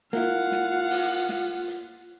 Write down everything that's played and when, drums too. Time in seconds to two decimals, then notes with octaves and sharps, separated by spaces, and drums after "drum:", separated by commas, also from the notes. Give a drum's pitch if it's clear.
0.13 A#3 E4 F4 F5 F#5, drum: hi-hat
0.52 drum: snare
0.90 drum: open hi-hat
1.29 drum: snare
1.68 drum: hi-hat